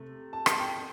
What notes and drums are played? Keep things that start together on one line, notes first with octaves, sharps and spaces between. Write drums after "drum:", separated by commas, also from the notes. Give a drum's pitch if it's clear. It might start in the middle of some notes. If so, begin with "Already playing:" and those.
Already playing: C3 A3
A5
drum: rim click
G5